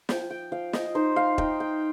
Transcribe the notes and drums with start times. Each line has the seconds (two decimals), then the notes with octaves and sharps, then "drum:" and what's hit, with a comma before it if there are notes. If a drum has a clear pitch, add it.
0.09 F3 G5, drum: snare
0.30 G5
0.52 F3 F5
0.73 D#5, drum: snare
0.95 D#4 C5
1.16 F5
1.38 D#4 G5, drum: kick E1
1.60 G5